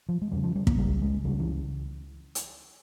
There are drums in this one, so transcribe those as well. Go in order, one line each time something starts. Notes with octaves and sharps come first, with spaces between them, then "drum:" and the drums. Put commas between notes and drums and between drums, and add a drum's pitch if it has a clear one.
F3
G#3
E2 C#3 G3
F3
G3
A#3, drum: kick
C#2 C#3 G3
G#3
C#2 C#3 G3
E3
drum: hi-hat